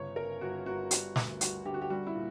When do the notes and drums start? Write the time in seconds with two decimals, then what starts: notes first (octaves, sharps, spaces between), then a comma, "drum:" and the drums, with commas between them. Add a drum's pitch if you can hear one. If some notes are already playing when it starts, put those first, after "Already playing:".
Already playing: G1 C#3 C#5
0.16 G1 A#4
0.41 G1 F#4
0.66 G1 F#4
0.91 G3, drum: hi-hat
1.16 D2, drum: snare
1.41 G3 F#4, drum: hi-hat
1.66 D3 G4
1.74 F#4
1.82 G4
1.90 G3 F#4
2.07 E4
2.15 A#2